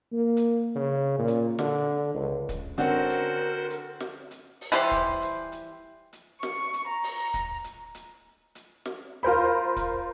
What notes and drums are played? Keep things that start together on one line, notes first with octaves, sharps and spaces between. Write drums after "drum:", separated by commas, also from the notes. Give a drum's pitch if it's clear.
A#3
drum: hi-hat
C#3
A#2
drum: hi-hat
D3, drum: snare
C#2
drum: kick, hi-hat
D3 C4 C#4 F#4 A#4 C5 F#5, drum: hi-hat
drum: hi-hat
drum: hi-hat
drum: snare
drum: hi-hat
drum: open hi-hat
E3 G3 G4 C5
drum: kick, hi-hat
drum: hi-hat
drum: hi-hat
drum: hi-hat
C#6, drum: snare
drum: hi-hat
A#5
drum: open hi-hat
drum: kick, hi-hat
drum: hi-hat
drum: hi-hat
drum: hi-hat
drum: snare
F4 A#4 C5 B5
drum: kick, hi-hat